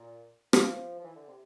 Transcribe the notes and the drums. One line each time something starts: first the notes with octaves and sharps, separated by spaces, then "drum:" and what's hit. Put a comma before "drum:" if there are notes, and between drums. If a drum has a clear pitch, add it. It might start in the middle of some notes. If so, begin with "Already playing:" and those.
Already playing: A#2
F3, drum: rim click
F3
E3
D3
C3